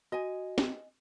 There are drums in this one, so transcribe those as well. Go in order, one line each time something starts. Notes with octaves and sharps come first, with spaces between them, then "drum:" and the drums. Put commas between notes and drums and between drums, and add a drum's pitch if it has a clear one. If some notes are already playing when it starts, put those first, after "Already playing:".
F#4 D#5 G#5
drum: snare